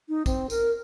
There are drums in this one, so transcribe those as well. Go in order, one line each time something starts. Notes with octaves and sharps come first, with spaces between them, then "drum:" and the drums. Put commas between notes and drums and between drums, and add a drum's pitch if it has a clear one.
D#4
C4, drum: kick, tambourine
A#4, drum: tambourine